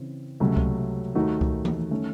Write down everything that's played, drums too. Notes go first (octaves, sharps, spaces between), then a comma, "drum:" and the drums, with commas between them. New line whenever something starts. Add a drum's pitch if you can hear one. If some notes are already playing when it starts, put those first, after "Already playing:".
Already playing: C#3 E3 C4
C#2 C3 F#3 A3 C#4
drum: kick C2
D#2 D#3 A3 D#4 F#4
drum: kick C2
drum: tom E3
D#3 A3 C#4